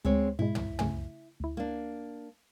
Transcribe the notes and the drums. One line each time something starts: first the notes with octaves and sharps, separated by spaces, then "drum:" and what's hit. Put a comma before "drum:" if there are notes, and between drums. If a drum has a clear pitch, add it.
D2 G#3 C4 C#5
G#2 B2 G#3 E4
drum: tom
C#3 A3 G#5, drum: tom
D2 E4
A#3 D4